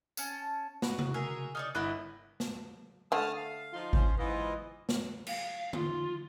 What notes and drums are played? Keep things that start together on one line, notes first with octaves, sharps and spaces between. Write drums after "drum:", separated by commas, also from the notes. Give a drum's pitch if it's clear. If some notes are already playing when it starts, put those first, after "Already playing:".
C#4 A5, drum: tambourine
F#4 B4, drum: snare
drum: tom C3
G#4 A#4 E5
D#4 C#5 D5 F6
G1 E4 B4 D#5 F#5 B5
drum: snare
D3 A3 A5 D#6 F6
F5
F3 D#4 F4
C#4 C5, drum: kick G#1
G#2 E3 B3 F4 B4 D#5
drum: snare
F5, drum: cymbal
F4, drum: tom D3